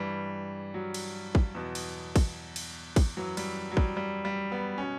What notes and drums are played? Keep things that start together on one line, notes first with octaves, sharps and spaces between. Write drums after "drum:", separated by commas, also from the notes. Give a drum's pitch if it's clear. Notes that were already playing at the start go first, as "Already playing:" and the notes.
Already playing: G2 E3 G3
F#3
drum: cymbal
drum: kick
E2 B2
drum: cymbal
drum: kick, cymbal
drum: cymbal
drum: kick, cymbal
F#2 E3 F#3
G3, drum: cymbal
F#3
G3, drum: kick
G3
G3
B3
B2 C#4